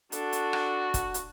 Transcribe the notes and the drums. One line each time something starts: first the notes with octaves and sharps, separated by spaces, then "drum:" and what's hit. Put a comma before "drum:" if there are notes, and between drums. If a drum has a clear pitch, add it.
D4 F#4 A4, drum: hi-hat
drum: hi-hat
drum: rim click
drum: kick, hi-hat
drum: hi-hat